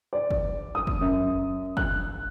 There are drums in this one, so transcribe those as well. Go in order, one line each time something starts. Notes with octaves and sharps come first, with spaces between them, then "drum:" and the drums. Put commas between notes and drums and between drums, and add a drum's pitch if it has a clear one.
D5
drum: kick
D#6
drum: kick
F#2
F#6, drum: kick